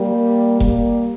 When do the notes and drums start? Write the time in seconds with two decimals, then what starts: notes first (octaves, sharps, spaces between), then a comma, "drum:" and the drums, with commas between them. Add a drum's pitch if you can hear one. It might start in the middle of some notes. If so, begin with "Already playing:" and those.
Already playing: G3 A#3
0.60 G3 A#3, drum: kick F1